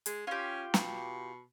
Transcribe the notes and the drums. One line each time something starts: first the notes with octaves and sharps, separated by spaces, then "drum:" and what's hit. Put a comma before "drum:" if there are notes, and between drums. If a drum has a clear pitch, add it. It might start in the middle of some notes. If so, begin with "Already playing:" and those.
G#3, drum: hi-hat
C#4 F4 G4
B2, drum: snare